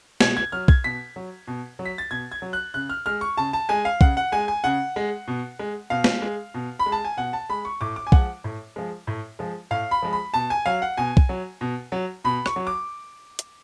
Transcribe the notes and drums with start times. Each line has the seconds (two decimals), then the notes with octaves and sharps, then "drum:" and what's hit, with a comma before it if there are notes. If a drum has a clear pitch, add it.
0.21 B2 G#6, drum: snare
0.37 G#6
0.52 F#3 F6
0.68 G#6, drum: kick
0.84 B2 B6
1.16 F#3
1.47 B2
1.79 F#3
1.85 B6
1.98 A6
2.11 B2 G#6
2.32 G#6
2.42 F#3
2.53 F#6
2.74 C#3 F#6
2.90 F6
3.06 G#3 F6
3.21 C#6
3.37 C#3 A5
3.53 A5
3.69 G#3 G#5
3.85 F5
4.01 C#3 F#5, drum: kick
4.17 F#5
4.32 G#3 G#5
4.48 G#5
4.64 C#3 F#5
4.96 G#3
5.28 B2
5.59 G#3
5.90 B2 F5
6.04 drum: snare
6.22 G#3
6.54 B2
6.79 B5
6.86 G#3
6.92 A5
7.05 G#5
7.17 B2 F#5
7.33 A5
7.49 G#3 B5
7.65 C#6
7.81 A2 D6
7.96 D6
8.07 G#5
8.12 F3 G#3 F#5, drum: kick
8.44 A2
8.76 F3 G#3
9.07 A2
9.39 F3 G#3
9.71 A2 F5
9.91 B5
10.02 F3 G#3
10.13 B5
10.34 B2 A5
10.50 G#5
10.66 F#3 F5
10.82 F#5
10.97 B2 G#5
11.17 drum: kick
11.29 F#3
11.61 B2
11.92 F#3
12.24 B2 B5
12.46 C#6, drum: rim click
12.56 F#3
12.67 D6
13.39 drum: hi-hat